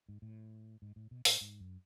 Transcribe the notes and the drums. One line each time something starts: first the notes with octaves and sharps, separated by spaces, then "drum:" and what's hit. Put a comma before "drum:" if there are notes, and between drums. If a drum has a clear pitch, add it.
G#2
A2
G#2
A2
B2
A2, drum: open hi-hat
G#2
F#2